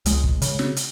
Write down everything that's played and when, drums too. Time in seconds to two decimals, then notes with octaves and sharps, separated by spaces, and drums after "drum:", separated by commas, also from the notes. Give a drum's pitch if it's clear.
0.06 C#2 G#3, drum: hi-hat
0.24 drum: kick
0.42 C#3, drum: hi-hat
0.59 drum: snare
0.76 drum: hi-hat